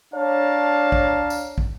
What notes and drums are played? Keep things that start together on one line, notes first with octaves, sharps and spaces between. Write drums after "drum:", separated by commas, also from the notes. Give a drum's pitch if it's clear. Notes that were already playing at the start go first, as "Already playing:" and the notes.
D4 C#5 F5 A5 A#5
drum: kick
drum: tambourine
drum: kick